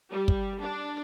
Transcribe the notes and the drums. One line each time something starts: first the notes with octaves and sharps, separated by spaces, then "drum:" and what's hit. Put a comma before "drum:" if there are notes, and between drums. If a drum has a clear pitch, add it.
G3
drum: kick
D4